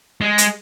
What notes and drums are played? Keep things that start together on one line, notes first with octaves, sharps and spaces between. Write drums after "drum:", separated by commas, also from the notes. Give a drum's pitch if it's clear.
G#3
drum: hi-hat